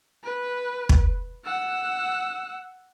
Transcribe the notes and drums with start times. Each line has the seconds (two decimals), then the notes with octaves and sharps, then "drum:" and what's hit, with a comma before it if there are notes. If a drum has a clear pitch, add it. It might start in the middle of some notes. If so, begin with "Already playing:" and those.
0.24 B4
0.89 drum: kick
1.45 F#5 E6